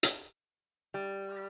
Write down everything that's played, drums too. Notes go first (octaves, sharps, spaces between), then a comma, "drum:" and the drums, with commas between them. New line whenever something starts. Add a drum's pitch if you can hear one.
drum: hi-hat
G3